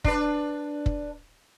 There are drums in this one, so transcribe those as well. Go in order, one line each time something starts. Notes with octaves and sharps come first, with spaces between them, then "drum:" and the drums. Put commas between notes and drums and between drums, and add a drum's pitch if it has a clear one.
D4 B4, drum: kick
drum: kick